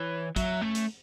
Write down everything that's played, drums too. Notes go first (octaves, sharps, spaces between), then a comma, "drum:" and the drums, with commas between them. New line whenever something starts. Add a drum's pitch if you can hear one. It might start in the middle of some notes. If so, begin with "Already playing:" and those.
Already playing: E3 C#5
F#3 E5, drum: kick, hi-hat
A3 C#4
drum: hi-hat